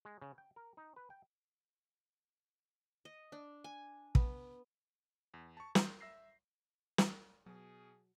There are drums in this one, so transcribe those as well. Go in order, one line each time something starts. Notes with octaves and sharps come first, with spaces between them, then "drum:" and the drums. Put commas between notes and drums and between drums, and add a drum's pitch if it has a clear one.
G#3
C#3
G5
A#4
D#4
B4
G5
D#5
D4
G#5
B3, drum: kick
E2
A5 C#6
C6 G6, drum: snare
E5 E6 A#6 C7
drum: snare
B2 F#3 G#4